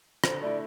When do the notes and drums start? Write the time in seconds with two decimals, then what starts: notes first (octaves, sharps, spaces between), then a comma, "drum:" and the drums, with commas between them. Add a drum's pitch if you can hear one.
0.24 D3 C5, drum: rim click
0.41 A3 E4 D5